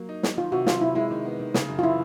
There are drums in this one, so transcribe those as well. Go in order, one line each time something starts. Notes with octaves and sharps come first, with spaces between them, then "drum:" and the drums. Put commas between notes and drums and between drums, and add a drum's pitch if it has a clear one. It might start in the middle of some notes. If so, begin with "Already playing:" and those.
Already playing: F#3 A#3
D#4
F#3, drum: snare
D#3 F4
C3 F#4
F#3 F4, drum: snare
C3 E4
G#3 E4
D#3
B3
D#3
C#3, drum: snare
F#2
F4
E3 E4